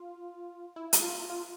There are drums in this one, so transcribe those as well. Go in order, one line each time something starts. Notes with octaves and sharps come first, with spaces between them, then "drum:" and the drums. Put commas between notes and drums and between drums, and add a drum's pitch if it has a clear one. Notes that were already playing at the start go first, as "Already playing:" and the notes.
Already playing: F4
E4
drum: hi-hat
F4
F4